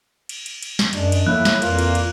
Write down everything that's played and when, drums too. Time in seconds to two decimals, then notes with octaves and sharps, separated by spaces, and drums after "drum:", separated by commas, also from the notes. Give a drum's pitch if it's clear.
0.29 drum: cymbal
0.46 drum: cymbal
0.63 drum: cymbal
0.79 drum: snare
0.93 F#2 G#3 D4, drum: cymbal
1.12 drum: cymbal
1.27 A2 A#3 E4 F#6, drum: tom E3
1.45 drum: snare
1.62 F2 A#2 E3 A#3 F4, drum: cymbal
1.79 drum: cymbal
1.95 drum: cymbal